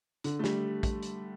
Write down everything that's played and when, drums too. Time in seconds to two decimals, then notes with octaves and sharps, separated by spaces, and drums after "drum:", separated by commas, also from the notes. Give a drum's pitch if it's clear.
0.24 D3, drum: hi-hat
0.39 A3
0.44 G3, drum: snare
0.83 drum: kick, hi-hat
1.03 drum: hi-hat